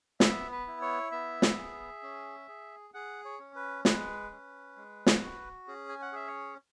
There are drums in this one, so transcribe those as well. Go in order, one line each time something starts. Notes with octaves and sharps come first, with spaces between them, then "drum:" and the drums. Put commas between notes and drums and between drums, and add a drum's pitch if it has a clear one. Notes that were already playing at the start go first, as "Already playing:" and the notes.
B3 E5, drum: snare
B4
E4
C#5
B3 E5
drum: snare
G#4
C#4
G#4
G#4 F#5
C#5
C#4
B4
G#3 B4, drum: snare
C#4
G#3
drum: snare
F#4
C#4 G#4
G#5
F#5
G#4 E5
C#5